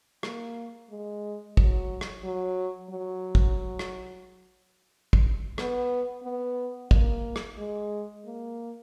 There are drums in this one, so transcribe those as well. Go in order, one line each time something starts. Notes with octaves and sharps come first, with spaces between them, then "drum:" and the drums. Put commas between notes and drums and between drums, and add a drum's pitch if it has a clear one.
A#3, drum: rim click
G#3
F#3, drum: kick
drum: rim click
F#3
F#3
drum: kick
drum: rim click
drum: kick
B3, drum: rim click
B3
A#3, drum: kick
drum: rim click
G#3
A#3